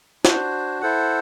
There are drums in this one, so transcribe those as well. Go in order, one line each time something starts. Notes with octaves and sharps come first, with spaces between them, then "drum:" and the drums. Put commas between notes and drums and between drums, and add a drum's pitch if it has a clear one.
D4 F#4 C5, drum: snare
E4 A4 C5 F#5